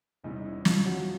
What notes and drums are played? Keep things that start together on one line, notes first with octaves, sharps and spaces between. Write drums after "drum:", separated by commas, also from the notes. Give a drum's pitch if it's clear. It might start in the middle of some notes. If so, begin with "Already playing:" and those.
E1 E2 C3 E3 G3 D#4
D#4
E3 E4
F3 F4, drum: snare
F#3 F#4